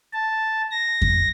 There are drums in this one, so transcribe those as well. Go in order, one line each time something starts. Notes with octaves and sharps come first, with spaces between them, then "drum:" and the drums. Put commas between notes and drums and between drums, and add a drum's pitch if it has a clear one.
A5
A#6
drum: kick F2